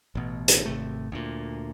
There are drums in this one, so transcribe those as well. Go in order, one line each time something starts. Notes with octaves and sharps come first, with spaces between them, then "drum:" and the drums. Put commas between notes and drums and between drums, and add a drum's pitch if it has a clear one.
A1 B2
drum: hi-hat
G#1 C3 A3
D2 A#2